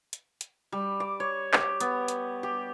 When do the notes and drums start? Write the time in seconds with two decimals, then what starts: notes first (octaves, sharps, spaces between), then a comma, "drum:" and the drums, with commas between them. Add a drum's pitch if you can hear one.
0.13 drum: hi-hat
0.41 drum: hi-hat
0.72 G3
1.00 D6
1.20 C#5
1.53 G4, drum: clap
1.80 B3, drum: hi-hat
2.08 drum: hi-hat
2.43 G4